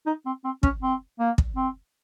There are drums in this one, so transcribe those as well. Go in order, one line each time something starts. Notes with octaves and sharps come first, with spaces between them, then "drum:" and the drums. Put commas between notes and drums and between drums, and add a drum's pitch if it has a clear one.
D#4
C4
C4
C#4, drum: kick
C4
A#3
drum: kick
C4